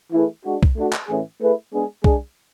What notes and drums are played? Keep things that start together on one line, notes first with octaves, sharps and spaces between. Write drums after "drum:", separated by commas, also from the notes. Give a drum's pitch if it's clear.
E3 A3 E4 G#4 B4
G#3 D4 F#4
drum: kick B1
A3 D4 F#4
drum: clap
A2 E3 A3 C#4 G#4
A3 E4 G#4 B4
G#3 B3 D4 G#4
G#3 D4 G#4, drum: kick B1